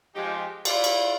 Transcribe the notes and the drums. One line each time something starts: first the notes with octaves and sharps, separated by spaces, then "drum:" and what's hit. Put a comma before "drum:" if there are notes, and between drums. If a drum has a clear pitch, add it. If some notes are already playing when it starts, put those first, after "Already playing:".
F3 G#3 D#4 G4
E4 F4 D5, drum: cymbal
drum: cymbal